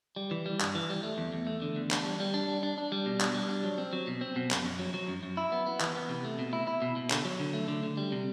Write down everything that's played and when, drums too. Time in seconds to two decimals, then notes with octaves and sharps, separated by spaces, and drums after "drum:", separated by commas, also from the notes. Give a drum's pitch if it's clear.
0.16 G3
0.31 E3
0.46 G3
0.60 G2, drum: clap
0.75 E3
0.90 G3
1.03 A3
1.18 E2
1.33 E2
1.47 A3
1.62 D3
1.76 E2
1.91 D4, drum: clap
2.05 G3
2.20 G3
2.34 D4
2.49 G3
2.63 D4
2.78 D4
2.92 G3
3.06 B2
3.21 D4, drum: clap
3.34 G3
3.49 D4
3.64 F#3
3.78 C4
3.93 F#3
4.07 B2
4.21 C4
4.36 B2
4.51 F#2, drum: clap
4.65 F#2
4.79 F#3
4.94 F#3
5.08 F#2
5.23 F#2
5.37 E4
5.52 B3
5.66 B3
5.80 E3, drum: clap
5.95 B3
6.09 C3
6.24 A3
6.39 B2
6.53 E4
6.67 E4
6.82 B2
6.96 B2
7.10 D3, drum: clap
7.25 F#3
7.40 D3
7.53 A3
7.68 D3
7.83 D3
7.97 G3
8.12 C3